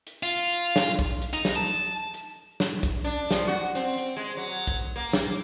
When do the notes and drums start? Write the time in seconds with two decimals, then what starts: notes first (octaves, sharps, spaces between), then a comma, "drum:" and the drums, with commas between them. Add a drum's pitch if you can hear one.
0.07 drum: hi-hat
0.23 F4
0.53 drum: hi-hat
0.76 drum: snare
0.99 drum: kick B1, hi-hat
1.22 drum: hi-hat
1.33 D#4
1.45 drum: snare
1.56 A5
2.14 drum: hi-hat
2.60 drum: snare
2.83 drum: kick B1, hi-hat
3.04 D4, drum: hi-hat
3.31 F3, drum: snare
3.47 F#4
3.75 C4, drum: hi-hat
3.98 drum: hi-hat
4.17 G#3
4.37 F#3
4.67 drum: kick B1, hi-hat
4.96 A#3
5.13 drum: snare